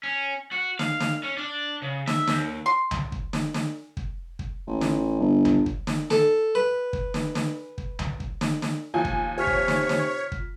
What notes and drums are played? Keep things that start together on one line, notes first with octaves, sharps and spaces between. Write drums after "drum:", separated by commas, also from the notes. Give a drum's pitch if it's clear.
C#4
F#4
F5, drum: snare
drum: snare
C#4
D4
C#3
E5, drum: snare
D#2, drum: snare
C6
drum: tom C2
drum: kick
drum: snare
drum: snare
drum: kick
drum: kick
A1
drum: snare
G1
drum: tom C2
drum: kick
drum: snare
A4, drum: snare
B4
drum: kick
drum: snare
drum: snare
drum: kick
drum: tom C2
drum: kick
drum: snare
drum: snare
D#2 F3 G#5
drum: kick
C3 F4 C#5 F6 B6
drum: kick
drum: snare
drum: snare
drum: kick